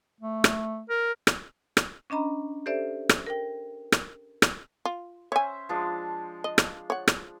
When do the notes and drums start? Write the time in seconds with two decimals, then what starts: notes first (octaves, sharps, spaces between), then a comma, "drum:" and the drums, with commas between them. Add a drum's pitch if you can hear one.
0.21 A3
0.44 drum: rim click
0.90 A#4
1.27 drum: rim click
1.77 drum: rim click
2.10 C#4 D4 D#5 A#5 B5
2.66 G4 A4 C5 D5 E5
3.09 drum: rim click
3.26 A#4 G5
3.92 drum: rim click
4.42 drum: rim click
4.85 F4
5.32 C#4 C5 C#5 E5 G#5
5.69 F3 G#3 D4
6.44 D#5
6.58 drum: rim click
6.90 C#5 F#5
7.08 drum: rim click